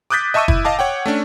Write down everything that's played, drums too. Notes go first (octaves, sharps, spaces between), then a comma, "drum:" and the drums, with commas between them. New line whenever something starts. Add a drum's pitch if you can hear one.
D6 D#6 F#6 G6 A6 B6
D#5 E5 A5 C#6 E6 D#7
E4, drum: kick
D#5 F5 A5 D6
C#5 F#5 G5
A3 C#4 D4